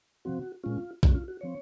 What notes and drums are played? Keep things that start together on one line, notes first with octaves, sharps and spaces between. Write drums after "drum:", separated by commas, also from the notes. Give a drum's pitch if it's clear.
C3 F3 C4 F#4
A#2 G#3 C#4 F4
F2 C#3 G#3 C#4 F#4, drum: kick
F4
F#4
F3 C4 C#5